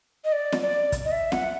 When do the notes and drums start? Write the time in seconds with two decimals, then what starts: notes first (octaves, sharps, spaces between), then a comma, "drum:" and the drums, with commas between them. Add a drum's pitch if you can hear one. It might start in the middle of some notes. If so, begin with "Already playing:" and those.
0.25 D#5
0.32 D5
0.52 drum: snare
0.62 D5
0.92 drum: kick, hi-hat
1.05 D#5
1.12 E5
1.32 F#5, drum: snare